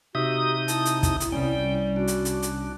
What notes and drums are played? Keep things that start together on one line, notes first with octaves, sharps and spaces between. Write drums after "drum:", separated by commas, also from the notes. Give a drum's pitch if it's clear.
C3 D#4 F#4 G4 E5 D#6
E4 A5, drum: hi-hat
drum: hi-hat
drum: kick, hi-hat
drum: hi-hat
C2 G3 C#4 G5
D4 F#4
drum: hi-hat
drum: hi-hat
drum: hi-hat